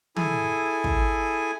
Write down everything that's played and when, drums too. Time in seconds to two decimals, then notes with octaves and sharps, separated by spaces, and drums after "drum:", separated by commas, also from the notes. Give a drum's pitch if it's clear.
0.16 E4 G#4 A4 G#5, drum: tom D#3
0.84 drum: kick